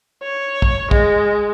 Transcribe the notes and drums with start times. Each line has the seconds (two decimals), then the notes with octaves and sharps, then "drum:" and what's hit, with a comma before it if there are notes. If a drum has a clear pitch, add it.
0.23 C#5
0.62 drum: kick
0.91 G#3, drum: kick